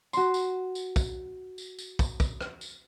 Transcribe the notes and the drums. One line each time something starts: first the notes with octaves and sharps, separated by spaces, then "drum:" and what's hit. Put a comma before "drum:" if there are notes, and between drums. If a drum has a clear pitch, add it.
F#4 C6, drum: tambourine
drum: tambourine
drum: tambourine
drum: kick, tambourine
drum: tambourine
drum: tambourine
drum: kick, tambourine
drum: kick, tambourine
drum: rim click
drum: tambourine